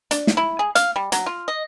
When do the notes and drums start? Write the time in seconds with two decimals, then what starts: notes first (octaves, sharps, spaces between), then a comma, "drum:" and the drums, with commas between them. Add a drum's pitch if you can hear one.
0.11 D4, drum: hi-hat
0.27 drum: snare
0.37 E4
0.59 G#4
0.75 F5, drum: hi-hat
0.96 G3
1.12 F#3, drum: hi-hat
1.26 F4
1.48 D#5